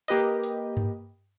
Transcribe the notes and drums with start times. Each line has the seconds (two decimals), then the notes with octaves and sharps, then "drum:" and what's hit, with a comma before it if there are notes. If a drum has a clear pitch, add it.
0.08 A#3 G4 B4 D#5, drum: hi-hat
0.43 drum: hi-hat
0.77 drum: tom G2